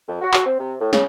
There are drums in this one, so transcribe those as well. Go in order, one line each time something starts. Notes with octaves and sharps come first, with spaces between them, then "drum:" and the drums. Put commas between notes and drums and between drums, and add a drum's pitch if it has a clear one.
F2
F#4
F#4, drum: clap
C4
C3
A2
C#3, drum: snare